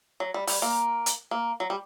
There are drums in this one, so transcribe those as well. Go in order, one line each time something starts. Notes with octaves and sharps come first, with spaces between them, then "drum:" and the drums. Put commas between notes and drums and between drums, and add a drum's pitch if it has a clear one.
F#3
G3
G3, drum: open hi-hat
A#3
drum: hi-hat
A#3
F#3
G3